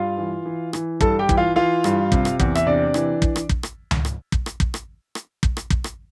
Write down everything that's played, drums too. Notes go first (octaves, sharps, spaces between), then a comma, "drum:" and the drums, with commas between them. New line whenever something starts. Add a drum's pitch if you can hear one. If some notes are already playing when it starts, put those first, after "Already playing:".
Already playing: G2 F4 F5
E3
E3
E3, drum: rim click
G2 A4 A5, drum: kick
G4 G5
E3, drum: kick
F4 F5
E3 F4 F5
G2, drum: rim click
C3, drum: kick
drum: rim click
E2, drum: kick
E5, drum: rim click
C3 D4 D5
E3, drum: rim click
drum: kick
drum: rim click
drum: kick
drum: rim click
drum: tom C#2
drum: rim click
drum: kick
drum: rim click
drum: kick
drum: rim click
drum: rim click
drum: kick
drum: rim click
drum: kick
drum: rim click